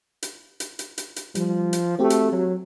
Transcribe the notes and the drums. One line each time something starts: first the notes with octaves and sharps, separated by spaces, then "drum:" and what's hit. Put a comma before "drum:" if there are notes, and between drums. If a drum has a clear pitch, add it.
drum: hi-hat
drum: hi-hat
drum: hi-hat
drum: hi-hat
drum: hi-hat
F3 G3, drum: hi-hat
drum: hi-hat
A3 C4 F#4 G4
drum: hi-hat
F#3